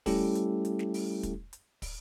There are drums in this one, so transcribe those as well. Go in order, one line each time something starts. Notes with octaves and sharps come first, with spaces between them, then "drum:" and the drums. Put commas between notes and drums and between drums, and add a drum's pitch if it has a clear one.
G3 A3 C#4 E4 G4 A4, drum: kick, open hi-hat
drum: hi-hat
drum: hi-hat
drum: snare
drum: open hi-hat
drum: kick, hi-hat
drum: hi-hat
drum: kick, open hi-hat